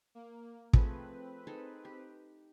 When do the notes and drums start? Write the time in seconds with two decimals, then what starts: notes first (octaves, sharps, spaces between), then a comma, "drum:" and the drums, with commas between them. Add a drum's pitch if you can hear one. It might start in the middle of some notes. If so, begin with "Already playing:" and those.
0.15 A#3
0.73 F3 A3 C4 G#4 B4, drum: kick
1.47 D#4 G#4 A4
1.85 G4